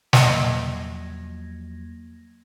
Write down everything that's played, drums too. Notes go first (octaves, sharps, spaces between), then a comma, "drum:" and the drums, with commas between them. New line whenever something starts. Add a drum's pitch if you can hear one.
E2 F3 F#3 A#3 D#5 E5 G#6 A#6, drum: snare